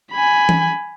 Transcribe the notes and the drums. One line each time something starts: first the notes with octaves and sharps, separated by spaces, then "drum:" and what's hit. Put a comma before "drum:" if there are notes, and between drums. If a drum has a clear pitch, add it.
G#5 B5
drum: tom E3